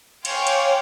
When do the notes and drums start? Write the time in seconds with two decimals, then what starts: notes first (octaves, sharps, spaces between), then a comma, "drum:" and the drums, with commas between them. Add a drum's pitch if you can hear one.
0.25 C#5 F5 G5 G#5 C6 D6, drum: cymbal
0.47 drum: cymbal